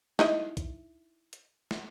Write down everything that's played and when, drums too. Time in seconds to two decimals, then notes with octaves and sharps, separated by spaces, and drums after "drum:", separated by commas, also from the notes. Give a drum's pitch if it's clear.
0.19 D#4 E4 D#5, drum: snare
0.57 drum: kick, hi-hat
1.33 drum: hi-hat
1.71 drum: snare